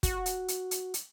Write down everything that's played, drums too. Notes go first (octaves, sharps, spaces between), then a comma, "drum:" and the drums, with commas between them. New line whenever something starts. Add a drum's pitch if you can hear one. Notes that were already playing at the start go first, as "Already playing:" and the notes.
F#4, drum: kick, hi-hat
drum: hi-hat
drum: hi-hat
drum: hi-hat
drum: hi-hat